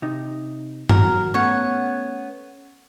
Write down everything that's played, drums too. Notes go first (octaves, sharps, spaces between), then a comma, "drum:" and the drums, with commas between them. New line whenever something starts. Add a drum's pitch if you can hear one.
C3 D#4
F#3 A#4, drum: tom G2
A3 B3 C#4 C#5 F#5